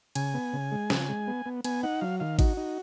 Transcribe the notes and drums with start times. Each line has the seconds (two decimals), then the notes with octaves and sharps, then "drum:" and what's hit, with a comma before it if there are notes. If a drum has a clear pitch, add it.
0.15 C#3 G#5, drum: cymbal
0.34 B3
0.53 C#3
0.71 G#3
0.90 C#3, drum: snare
1.09 G#3
1.27 B3
1.46 B3
1.64 B3 G#5, drum: cymbal
1.83 D#4 F#5
2.01 F#3 F5
2.20 D#3 F5
2.39 D#4 F#4, drum: kick, cymbal
2.57 D#4